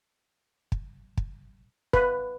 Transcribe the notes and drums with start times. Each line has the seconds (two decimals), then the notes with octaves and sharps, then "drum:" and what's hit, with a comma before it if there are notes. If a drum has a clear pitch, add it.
0.72 drum: kick
1.17 drum: kick
1.93 B4, drum: kick